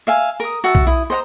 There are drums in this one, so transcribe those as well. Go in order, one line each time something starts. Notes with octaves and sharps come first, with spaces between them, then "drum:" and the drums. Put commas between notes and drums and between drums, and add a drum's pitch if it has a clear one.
E5 F5 G#5
A#4 D#6
F#4 E5 A5
drum: kick B1
E4 D#6
C5 D#5 F#5 A#5